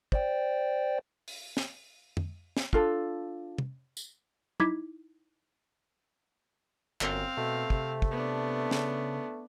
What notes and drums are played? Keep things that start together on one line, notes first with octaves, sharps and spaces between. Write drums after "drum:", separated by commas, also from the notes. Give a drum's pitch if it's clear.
C5 D5 G5, drum: kick
drum: open hi-hat
drum: snare
drum: tom F2
drum: snare
D4 F4 A4, drum: kick
drum: tom
drum: tambourine
D#4 E4 D6 G#6 B6, drum: tom
G1 F#2 C4 F5, drum: clap
B2 A3
C3, drum: kick
drum: kick
B3 D4
C#3, drum: snare